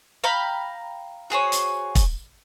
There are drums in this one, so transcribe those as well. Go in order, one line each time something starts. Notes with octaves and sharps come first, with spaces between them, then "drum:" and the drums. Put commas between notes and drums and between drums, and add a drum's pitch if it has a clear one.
F5 G5 A#5 B5
F#4 G#4 C5 C#5
drum: hi-hat
drum: kick, hi-hat